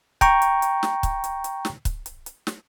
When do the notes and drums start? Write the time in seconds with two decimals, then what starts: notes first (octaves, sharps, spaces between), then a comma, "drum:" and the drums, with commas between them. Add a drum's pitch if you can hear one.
0.21 G5 A#5 C#6, drum: kick C#1, hi-hat
0.42 drum: hi-hat
0.62 drum: hi-hat
0.83 drum: snare
1.03 drum: kick C#1, hi-hat
1.24 drum: hi-hat
1.44 drum: hi-hat
1.65 drum: snare
1.85 drum: kick C#1, hi-hat
2.06 drum: hi-hat
2.26 drum: hi-hat
2.47 drum: snare